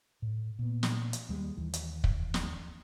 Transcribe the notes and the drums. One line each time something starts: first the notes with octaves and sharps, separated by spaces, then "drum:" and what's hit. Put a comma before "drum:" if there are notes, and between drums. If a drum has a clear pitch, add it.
A2
A#2 B3
drum: snare
drum: hi-hat
D#2 G3 G#3 A#3
D#2 E3
drum: hi-hat
drum: kick
drum: snare